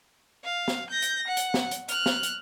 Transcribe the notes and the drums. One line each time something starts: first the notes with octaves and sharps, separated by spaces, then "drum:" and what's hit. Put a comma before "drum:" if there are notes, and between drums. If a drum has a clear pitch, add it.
F5
drum: snare
G6 A#6
drum: hi-hat
F#5
drum: hi-hat
drum: snare
drum: hi-hat
F6 F#6, drum: hi-hat
drum: snare
drum: hi-hat